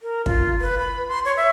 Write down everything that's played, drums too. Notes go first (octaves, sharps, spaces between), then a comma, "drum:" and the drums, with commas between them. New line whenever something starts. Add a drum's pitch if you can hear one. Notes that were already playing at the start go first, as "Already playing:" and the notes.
A#4
F4, drum: kick
B4
B5
C6
C#5
E5